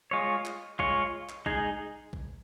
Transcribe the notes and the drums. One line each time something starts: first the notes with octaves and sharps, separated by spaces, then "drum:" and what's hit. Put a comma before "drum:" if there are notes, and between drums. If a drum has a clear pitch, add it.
G#3 F4 C#5
drum: clap
G#3 F4 C#5, drum: kick A#1
drum: clap
G#3 D#4 G#4, drum: kick A#1
drum: kick A#1